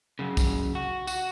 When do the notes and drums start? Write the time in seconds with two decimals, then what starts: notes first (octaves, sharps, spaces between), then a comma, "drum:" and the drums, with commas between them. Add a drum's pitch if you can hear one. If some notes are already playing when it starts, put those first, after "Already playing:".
0.19 F#2 C#3
0.37 drum: kick, tambourine
0.75 F#4
1.07 F#4, drum: tambourine